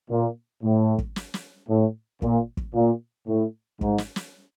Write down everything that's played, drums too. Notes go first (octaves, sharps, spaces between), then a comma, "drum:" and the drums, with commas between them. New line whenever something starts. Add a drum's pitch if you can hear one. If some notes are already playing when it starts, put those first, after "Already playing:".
A#2
A2
drum: kick
drum: snare
drum: snare
A2
A#2, drum: kick
drum: kick
A#2
A2
G#2, drum: kick
drum: snare
drum: snare